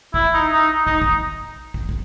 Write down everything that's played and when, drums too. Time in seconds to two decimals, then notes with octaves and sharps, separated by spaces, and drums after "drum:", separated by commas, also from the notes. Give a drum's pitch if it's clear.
0.14 E4, drum: kick
0.34 D#4
0.53 D#4
0.87 D#4, drum: kick
1.02 drum: kick
1.74 drum: kick
1.89 drum: kick